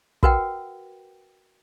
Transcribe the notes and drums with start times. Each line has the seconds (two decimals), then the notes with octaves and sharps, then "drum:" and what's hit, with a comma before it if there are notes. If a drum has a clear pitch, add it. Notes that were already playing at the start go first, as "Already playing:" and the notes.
0.23 F#4 A#4 B4 F#5 G5, drum: kick